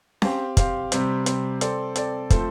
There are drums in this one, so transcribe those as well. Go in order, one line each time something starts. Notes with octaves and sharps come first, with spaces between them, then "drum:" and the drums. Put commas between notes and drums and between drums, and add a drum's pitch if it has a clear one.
C4 G4 F5, drum: snare C#4
C4 G4 F5, drum: kick, hi-hat
C3 G3 C4, drum: hi-hat
C3 G3 C4, drum: hi-hat
C4 A4 D5, drum: hi-hat
C4 A4 D5, drum: hi-hat
F3 A3 C4 A4 C5, drum: kick, hi-hat